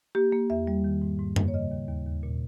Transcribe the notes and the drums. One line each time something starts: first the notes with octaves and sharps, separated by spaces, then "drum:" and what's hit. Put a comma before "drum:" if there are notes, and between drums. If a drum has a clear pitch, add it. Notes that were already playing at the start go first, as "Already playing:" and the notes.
A#3 G4
A#3
E2 E5
G3
D#3
G#2
G#2
A#3, drum: tom F#2
C#5
C#3 D#5
D#2
D#2
D#2
A#2